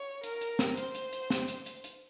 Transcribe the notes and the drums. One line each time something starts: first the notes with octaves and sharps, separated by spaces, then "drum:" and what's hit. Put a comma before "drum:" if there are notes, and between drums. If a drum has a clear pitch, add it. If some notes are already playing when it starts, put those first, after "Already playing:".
Already playing: C#5
A#4, drum: hi-hat
drum: hi-hat
drum: snare
C5, drum: hi-hat
drum: hi-hat
drum: hi-hat
drum: snare
drum: hi-hat
drum: hi-hat
drum: hi-hat